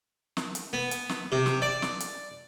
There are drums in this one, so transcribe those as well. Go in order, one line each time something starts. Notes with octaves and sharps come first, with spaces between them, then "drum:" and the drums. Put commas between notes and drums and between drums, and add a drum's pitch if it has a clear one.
drum: snare
drum: hi-hat
B3
drum: hi-hat
drum: snare
C3
drum: snare
D5
drum: snare
drum: hi-hat